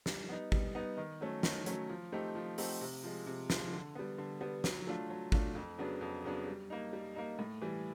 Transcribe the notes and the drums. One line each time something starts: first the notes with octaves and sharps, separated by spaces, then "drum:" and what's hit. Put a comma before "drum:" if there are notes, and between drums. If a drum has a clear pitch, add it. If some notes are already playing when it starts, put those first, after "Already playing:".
G3, drum: snare
B3 D#4
G3, drum: kick
B3 D#4
D#3
F#3 A3 C#4
D#3, drum: snare
F#3 A3 C#4, drum: hi-hat
F3
A3 C4 D#4 G4
F3
A3 C4 D#4 G4, drum: open hi-hat
C3
F3 G#3
C3
F3 G#3, drum: snare
D3
G3 B3
D3
G3 B3
F#3, drum: snare
A3 D4 F4
F#3
A3 D4 F4, drum: kick
F2
C#3 F#3 B3 D4
F2
C#3 F#3 B3 D4
G3
A#3 D#4
G3
A#3 D#4
A2
E3 G3